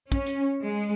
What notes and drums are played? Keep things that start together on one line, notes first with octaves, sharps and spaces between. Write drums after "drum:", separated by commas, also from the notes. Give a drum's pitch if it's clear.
C#4, drum: kick
drum: hi-hat
G#3